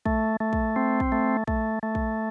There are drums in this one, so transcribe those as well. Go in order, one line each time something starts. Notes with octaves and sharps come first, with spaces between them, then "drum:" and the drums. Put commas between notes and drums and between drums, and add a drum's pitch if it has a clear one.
A3, drum: kick
A3
drum: kick
C4
drum: kick
A3
A3, drum: kick
A3
drum: kick